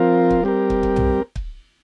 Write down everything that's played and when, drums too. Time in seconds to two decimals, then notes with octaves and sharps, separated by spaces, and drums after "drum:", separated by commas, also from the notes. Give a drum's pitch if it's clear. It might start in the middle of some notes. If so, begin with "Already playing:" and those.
Already playing: F3 C4 F4 A#4
0.31 drum: kick
0.44 G3 C4 G4 A#4
0.70 drum: kick
0.83 drum: kick
0.96 drum: tom B1
1.36 drum: kick